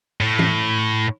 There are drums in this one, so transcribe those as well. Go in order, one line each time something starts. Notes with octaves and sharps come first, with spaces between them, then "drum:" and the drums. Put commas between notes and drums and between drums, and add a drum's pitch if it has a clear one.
A2
drum: tom